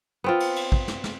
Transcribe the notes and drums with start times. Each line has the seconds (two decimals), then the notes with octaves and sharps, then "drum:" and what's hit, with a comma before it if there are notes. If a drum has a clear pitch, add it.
0.24 B3 C4 F4
0.40 drum: cymbal
0.56 drum: cymbal
0.72 drum: kick
0.88 drum: snare
1.04 drum: snare